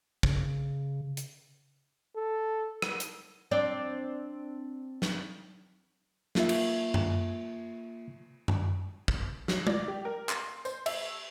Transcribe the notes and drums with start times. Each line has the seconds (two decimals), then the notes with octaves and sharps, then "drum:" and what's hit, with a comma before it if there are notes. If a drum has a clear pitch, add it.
0.23 C#3, drum: kick
1.17 drum: hi-hat
2.16 A4
2.82 drum: rim click
3.00 drum: hi-hat
3.51 C4 D4 D5
5.02 drum: snare
6.35 A#3 F4 E5, drum: snare
6.49 drum: cymbal
6.94 drum: tom F#2
8.48 drum: tom F#2
9.08 drum: kick
9.48 F#3, drum: snare
9.67 D5, drum: tom
9.88 G4
10.05 A#4
10.29 C6, drum: clap
10.65 C5, drum: tambourine
10.86 E5, drum: cymbal